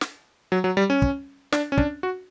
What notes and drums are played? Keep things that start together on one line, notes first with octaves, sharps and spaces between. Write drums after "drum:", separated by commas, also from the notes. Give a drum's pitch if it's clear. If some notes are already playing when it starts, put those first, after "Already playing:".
drum: snare
F#3
F#3
G3
C#4
drum: kick
D4, drum: snare
C#4
D4, drum: kick
F#4